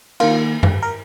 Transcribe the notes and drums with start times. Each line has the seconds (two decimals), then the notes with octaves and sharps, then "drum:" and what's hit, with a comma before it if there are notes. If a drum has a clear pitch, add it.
0.20 D#3 A#3 F4, drum: cymbal
0.63 drum: tom F#2
0.83 A#4